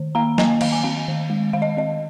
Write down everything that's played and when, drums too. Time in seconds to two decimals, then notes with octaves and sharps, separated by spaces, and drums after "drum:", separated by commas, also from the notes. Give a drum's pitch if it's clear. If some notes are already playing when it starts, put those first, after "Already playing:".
Already playing: D#3
0.15 A#3 F5 A#5
0.38 A#3 D#5 G#5, drum: snare
0.61 D#3 F5, drum: cymbal
0.72 G#5
0.83 C4 F5
1.08 D#3
1.30 G#3
1.53 D#3 F5
1.62 D#5
1.77 C4 D#5